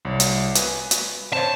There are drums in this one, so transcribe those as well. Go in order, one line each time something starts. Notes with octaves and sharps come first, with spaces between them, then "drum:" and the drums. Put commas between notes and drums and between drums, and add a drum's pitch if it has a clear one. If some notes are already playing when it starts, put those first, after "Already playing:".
C2 C#5
drum: hi-hat
B4 G#5, drum: hi-hat
drum: hi-hat
C4 C5 C#5 A5